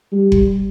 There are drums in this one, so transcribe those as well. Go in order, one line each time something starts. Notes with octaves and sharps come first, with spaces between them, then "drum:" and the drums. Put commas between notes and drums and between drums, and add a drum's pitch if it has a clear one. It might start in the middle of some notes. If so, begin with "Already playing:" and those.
G3
drum: kick F#1